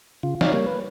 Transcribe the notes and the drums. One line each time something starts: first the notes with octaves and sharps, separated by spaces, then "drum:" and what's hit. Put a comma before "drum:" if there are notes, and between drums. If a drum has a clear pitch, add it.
C#3 F4
D#4 C#5 D5 F5, drum: snare
G3 A#3 C#5
B4